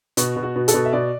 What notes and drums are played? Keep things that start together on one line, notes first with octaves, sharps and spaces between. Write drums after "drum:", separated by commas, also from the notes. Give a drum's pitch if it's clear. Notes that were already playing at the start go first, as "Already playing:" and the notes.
B2 F#4, drum: hi-hat
B2
F#4
B2
A4, drum: hi-hat
B2
E5
B2 D5